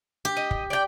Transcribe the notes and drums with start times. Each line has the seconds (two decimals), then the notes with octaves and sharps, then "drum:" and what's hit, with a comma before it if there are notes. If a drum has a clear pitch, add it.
0.25 G4
0.37 D#5
0.51 drum: kick
0.70 D5 G5